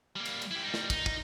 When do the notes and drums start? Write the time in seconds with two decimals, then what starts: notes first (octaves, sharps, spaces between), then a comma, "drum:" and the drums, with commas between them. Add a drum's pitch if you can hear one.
0.16 G3 A#3
0.25 drum: cymbal
0.42 drum: cymbal
0.51 E4 G4
0.64 G3 D#4
0.74 drum: snare
0.90 D#4, drum: kick, cymbal
1.06 drum: kick